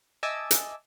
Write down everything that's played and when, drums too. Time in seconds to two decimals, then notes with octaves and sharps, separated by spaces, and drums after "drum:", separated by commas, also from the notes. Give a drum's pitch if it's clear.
0.23 D#5 E5 G#5 A5 D6 E6
0.51 drum: hi-hat